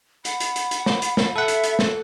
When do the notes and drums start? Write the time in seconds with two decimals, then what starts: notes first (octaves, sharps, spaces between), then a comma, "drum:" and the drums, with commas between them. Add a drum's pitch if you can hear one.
0.25 F#5 B5, drum: hi-hat
0.40 drum: hi-hat
0.56 drum: hi-hat
0.71 drum: hi-hat
0.86 drum: snare
1.02 drum: hi-hat
1.17 drum: snare
1.36 A4 E5 F#5
1.48 drum: hi-hat
1.63 drum: hi-hat
1.79 drum: snare